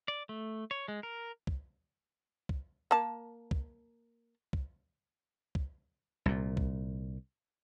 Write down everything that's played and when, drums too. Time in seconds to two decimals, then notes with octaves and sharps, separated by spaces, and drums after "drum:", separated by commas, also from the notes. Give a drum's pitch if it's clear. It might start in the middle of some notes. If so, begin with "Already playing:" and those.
0.08 D5
0.29 A3
0.71 C#5
0.88 G#3
1.03 A#4
1.47 drum: kick
2.49 drum: kick
2.91 A#3 A5
3.51 drum: kick
4.53 drum: kick
5.55 drum: kick
6.26 C2 A#2
6.57 drum: kick